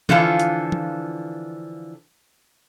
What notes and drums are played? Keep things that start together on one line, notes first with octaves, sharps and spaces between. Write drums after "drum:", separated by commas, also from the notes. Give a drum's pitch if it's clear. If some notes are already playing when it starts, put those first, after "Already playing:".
D3 E3 F3 F4 A4, drum: tom E3
drum: hi-hat
drum: tom E3